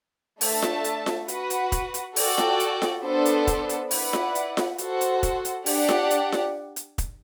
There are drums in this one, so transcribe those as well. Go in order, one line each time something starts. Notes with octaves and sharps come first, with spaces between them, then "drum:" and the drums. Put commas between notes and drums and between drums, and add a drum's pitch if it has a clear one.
A3 D4 A4 E5 A5, drum: open hi-hat
drum: snare F4
drum: hi-hat
drum: snare F4
F#4 B4 F#5, drum: hi-hat
drum: hi-hat
drum: kick, hi-hat
drum: hi-hat
F#4 A4 D5 G5, drum: open hi-hat
drum: snare F4
drum: hi-hat
drum: snare F4
B3 D4 A4 C5
drum: hi-hat
drum: kick, hi-hat
drum: hi-hat
E4 B4 D5 F#5, drum: open hi-hat
drum: snare F4
drum: hi-hat
drum: snare F4
F#4 A4 C5 F#5, drum: hi-hat
drum: hi-hat
drum: kick, hi-hat
drum: hi-hat
D4 G4 D5 F#5, drum: open hi-hat
drum: snare F4
drum: hi-hat
drum: snare F4
drum: hi-hat
drum: kick, hi-hat